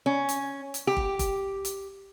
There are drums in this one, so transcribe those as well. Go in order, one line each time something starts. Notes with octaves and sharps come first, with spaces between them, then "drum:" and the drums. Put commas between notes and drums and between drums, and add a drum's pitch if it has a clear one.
C#4
drum: hi-hat
drum: hi-hat
G4
drum: kick
drum: kick, hi-hat
drum: hi-hat